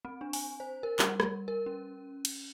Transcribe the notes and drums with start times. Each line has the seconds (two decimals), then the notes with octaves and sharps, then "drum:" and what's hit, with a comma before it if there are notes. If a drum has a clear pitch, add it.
0.05 C4
0.21 D4
0.33 G#5, drum: open hi-hat
0.60 C5
0.83 A#4
0.99 G3, drum: clap
1.20 drum: rim click
1.48 A#4
1.66 C#4
2.25 drum: cymbal